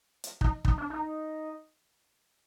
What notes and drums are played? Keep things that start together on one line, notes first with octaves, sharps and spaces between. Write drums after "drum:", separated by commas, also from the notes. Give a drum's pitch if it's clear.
drum: hi-hat
D#4, drum: kick
D#4, drum: kick
D4
D#4